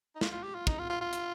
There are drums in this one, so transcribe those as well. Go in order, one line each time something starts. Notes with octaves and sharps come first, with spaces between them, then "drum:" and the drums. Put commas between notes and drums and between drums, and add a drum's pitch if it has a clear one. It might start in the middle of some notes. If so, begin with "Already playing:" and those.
D#4
F4, drum: snare
F4
G4
F4
D#4, drum: kick
F4
F4
F4
drum: hi-hat